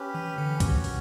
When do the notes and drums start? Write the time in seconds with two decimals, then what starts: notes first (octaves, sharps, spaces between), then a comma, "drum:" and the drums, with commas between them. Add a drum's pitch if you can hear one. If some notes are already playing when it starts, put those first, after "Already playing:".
Already playing: C#4 G4 B4
0.15 E3
0.38 D3
0.60 C#4 F#4 C#5, drum: kick C2, hi-hat
0.84 drum: open hi-hat